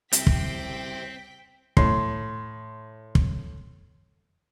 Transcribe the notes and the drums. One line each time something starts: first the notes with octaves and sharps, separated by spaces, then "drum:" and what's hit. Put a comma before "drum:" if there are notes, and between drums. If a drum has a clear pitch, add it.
C2 C4 C5 E5 G5 B6, drum: hi-hat
drum: kick
A2 C6, drum: kick
drum: kick